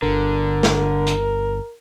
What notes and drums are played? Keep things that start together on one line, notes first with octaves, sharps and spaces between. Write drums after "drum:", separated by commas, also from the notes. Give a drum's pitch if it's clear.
G1 D3 A#4
drum: snare
drum: hi-hat